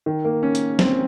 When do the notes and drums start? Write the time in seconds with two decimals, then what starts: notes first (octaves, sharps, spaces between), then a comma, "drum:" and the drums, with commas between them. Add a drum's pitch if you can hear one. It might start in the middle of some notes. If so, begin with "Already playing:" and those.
0.06 D#3
0.25 A#3
0.43 C#4
0.55 drum: hi-hat
0.79 C4, drum: snare